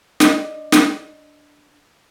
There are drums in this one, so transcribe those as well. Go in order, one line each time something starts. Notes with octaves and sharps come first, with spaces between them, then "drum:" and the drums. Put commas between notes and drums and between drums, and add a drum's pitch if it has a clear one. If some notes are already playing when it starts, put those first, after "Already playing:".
D4 D#5, drum: snare
drum: snare